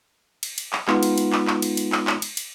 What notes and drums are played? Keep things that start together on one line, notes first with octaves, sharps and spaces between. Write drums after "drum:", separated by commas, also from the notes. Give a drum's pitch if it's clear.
drum: cymbal
drum: cymbal
drum: clap
G#3 B3 D#4 F4, drum: clap
drum: cymbal
drum: cymbal
drum: clap
drum: clap
drum: cymbal
drum: cymbal
drum: clap
drum: clap
drum: cymbal
drum: cymbal